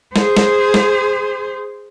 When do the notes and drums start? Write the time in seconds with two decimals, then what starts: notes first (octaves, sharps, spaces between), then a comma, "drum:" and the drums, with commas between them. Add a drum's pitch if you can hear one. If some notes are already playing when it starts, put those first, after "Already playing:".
0.16 G#4 C5, drum: snare
0.37 drum: snare
0.74 drum: snare